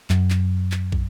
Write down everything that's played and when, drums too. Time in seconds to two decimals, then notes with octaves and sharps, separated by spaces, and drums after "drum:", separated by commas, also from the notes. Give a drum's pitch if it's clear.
0.10 F#2, drum: clap
0.30 drum: clap
0.72 drum: clap
0.92 drum: kick